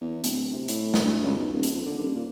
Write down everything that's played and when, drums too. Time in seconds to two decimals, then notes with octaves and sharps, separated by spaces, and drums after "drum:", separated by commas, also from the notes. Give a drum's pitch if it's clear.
0.01 E2
0.24 D1, drum: hi-hat
0.53 C3
0.68 A2, drum: hi-hat
0.94 drum: snare
1.04 D2
1.23 C#2
1.37 B1
1.53 D#1
1.63 drum: hi-hat
1.72 F2
1.86 D3
1.98 D#1
2.15 A#2